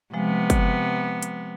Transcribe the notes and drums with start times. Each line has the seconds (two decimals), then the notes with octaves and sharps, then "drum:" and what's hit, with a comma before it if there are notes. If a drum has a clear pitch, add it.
0.14 C3 F3 G#3 B3
0.50 drum: kick, hi-hat
1.22 drum: hi-hat